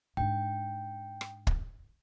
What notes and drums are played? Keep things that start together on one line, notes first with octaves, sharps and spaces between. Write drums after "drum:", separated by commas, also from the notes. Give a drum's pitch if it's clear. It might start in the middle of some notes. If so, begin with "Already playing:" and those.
G#2 D4 G5
drum: rim click
drum: kick